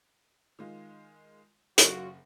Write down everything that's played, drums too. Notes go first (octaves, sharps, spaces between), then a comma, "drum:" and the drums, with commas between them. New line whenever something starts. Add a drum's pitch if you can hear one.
D#3 G#3 F4
F#1 C#3 F#3 F4 F#4 F#5, drum: hi-hat